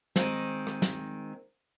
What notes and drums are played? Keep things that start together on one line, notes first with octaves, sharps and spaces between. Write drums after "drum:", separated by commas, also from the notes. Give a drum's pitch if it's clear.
D#3 G#3 C4, drum: snare
drum: rim click
drum: snare